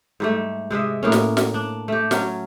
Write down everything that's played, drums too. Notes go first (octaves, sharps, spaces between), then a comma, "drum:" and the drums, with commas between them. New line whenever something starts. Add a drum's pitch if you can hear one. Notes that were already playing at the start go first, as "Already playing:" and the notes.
G#2 G3 A3
C3 G#3 D#5 E5
A2 A#3 C#4
drum: snare
drum: snare
D4
A3 G4
F#3 C#4, drum: snare